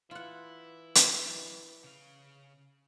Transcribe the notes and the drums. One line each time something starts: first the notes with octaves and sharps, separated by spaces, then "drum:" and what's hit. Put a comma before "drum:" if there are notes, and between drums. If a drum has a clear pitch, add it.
E3 E4 F4 F#5
drum: hi-hat
C#3 F5